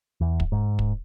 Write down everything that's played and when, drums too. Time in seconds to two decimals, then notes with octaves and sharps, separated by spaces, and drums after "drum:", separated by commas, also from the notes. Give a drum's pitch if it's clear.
0.21 E2
0.40 drum: kick
0.52 G#2
0.79 drum: kick